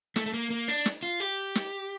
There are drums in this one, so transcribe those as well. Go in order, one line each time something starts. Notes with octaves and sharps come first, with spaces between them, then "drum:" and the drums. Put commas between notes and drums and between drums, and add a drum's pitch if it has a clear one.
A3, drum: snare
A3
A#3
A#3
D4
drum: snare
F4
G4
drum: snare